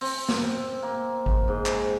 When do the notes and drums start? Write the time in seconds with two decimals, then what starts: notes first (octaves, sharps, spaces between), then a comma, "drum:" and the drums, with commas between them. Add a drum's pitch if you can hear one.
0.01 C4, drum: open hi-hat
0.29 drum: snare
0.82 A#3
1.26 drum: kick G#1
1.48 G#2
1.66 drum: clap